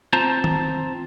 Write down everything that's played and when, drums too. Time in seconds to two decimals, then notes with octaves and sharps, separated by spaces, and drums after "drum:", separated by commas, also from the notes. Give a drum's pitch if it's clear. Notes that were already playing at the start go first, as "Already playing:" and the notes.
0.13 C4 F4 C5 A5 A#5
0.44 drum: tom D#3